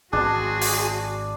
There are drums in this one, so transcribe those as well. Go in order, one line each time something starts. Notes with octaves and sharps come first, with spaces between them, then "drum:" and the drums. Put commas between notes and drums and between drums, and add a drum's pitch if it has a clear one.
G#1 G#2 C4 D4 F#4 G#4 A5 C6
drum: open hi-hat